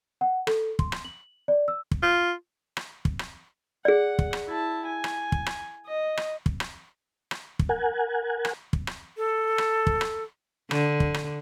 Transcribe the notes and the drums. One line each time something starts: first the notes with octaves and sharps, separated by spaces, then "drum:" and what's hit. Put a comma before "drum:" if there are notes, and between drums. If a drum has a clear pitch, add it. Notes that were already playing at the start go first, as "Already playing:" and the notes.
F#5
A4, drum: rim click
C6, drum: kick
drum: rim click
F#7
D5
E6
drum: kick
F4
drum: rim click
drum: kick
drum: rim click
G#4 D5 F#5
drum: kick
drum: rim click
E4 A5
G#5
drum: rim click
drum: kick
drum: rim click
D#5
drum: rim click
drum: kick
drum: rim click
drum: rim click
drum: kick
A#4 F#5 G#5
drum: rim click
drum: kick
drum: rim click
A4
drum: rim click
drum: kick
drum: rim click
D3, drum: rim click
drum: kick
drum: rim click